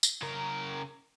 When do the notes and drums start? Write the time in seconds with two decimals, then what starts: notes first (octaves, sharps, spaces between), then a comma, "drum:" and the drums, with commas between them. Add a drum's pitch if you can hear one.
0.03 drum: tambourine
0.22 C#3 A#4